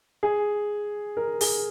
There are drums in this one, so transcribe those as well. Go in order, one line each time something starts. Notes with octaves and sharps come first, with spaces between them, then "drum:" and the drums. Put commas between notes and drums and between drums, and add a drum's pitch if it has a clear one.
G#4
A#4
G#4, drum: open hi-hat